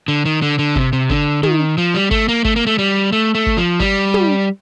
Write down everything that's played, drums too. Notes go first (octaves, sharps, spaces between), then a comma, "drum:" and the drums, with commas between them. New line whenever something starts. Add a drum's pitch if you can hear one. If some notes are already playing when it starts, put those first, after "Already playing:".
D3
D#3
D3
D3
C3, drum: kick G1
C3
D3, drum: kick G1
D#3, drum: tom
F3
G3
A3, drum: kick G1
A#3
A3, drum: kick G1
A#3
A3
G3
A3
A3
drum: kick G1
F3
G3, drum: kick G1
drum: tom